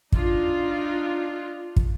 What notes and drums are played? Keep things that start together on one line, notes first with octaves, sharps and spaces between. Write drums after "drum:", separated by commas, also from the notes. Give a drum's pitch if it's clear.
D4 D#4 F4, drum: kick
drum: kick